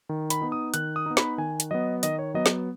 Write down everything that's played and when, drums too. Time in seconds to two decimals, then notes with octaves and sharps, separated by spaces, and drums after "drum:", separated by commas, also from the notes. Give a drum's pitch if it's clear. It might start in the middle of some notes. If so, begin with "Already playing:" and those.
0.09 D#3
0.30 B5, drum: hi-hat
0.42 B3 D#4
0.52 D#6
0.74 D#3 F#6, drum: hi-hat
0.96 D#6
1.06 B3 D#4
1.17 B5, drum: snare
1.38 D#3 G#5
1.60 drum: hi-hat
1.71 F#3 B3 D#5
2.03 D#3 D#5, drum: hi-hat
2.19 C#5
2.34 F#3 B3 D#5
2.46 drum: snare